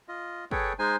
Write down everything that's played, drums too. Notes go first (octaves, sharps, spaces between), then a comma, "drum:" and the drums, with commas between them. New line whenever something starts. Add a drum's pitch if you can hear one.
F4 D#5
G#4 A4 B4 C#5 G5, drum: kick
G#3 D#4 C5 G#5